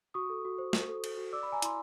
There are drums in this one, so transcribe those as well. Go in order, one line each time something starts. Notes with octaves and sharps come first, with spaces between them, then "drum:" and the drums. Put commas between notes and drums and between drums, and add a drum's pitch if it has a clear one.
F#4 C#6 D#6
A4
F#4
C5
C5, drum: snare
A4
A4, drum: cymbal
F#4
D5 D6 E6
B5
D5
G#5 A#5
E4 C6, drum: hi-hat